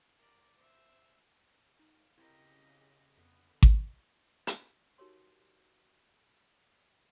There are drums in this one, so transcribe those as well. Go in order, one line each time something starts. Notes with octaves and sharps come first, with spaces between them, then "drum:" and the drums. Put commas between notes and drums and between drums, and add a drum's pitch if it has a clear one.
A#4 D5
C5 E5
D#4 F5
C#3 C4 E4 G4 A#4 D#5
F2 D3 B3 B4 B5
drum: kick G#1
drum: hi-hat
D#4 F#4 G4 A#4 C#5 C6